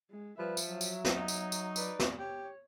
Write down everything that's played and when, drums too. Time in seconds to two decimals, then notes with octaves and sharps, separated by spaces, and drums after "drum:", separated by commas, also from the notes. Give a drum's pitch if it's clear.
0.10 G#3
0.39 F3 G3 B4 E5
0.57 drum: tambourine
0.69 F#3
0.81 drum: tambourine
1.05 drum: snare
1.16 D#4
1.28 drum: tambourine
1.52 drum: tambourine
1.76 B4 D5, drum: tambourine
2.00 drum: snare
2.19 G4 C#5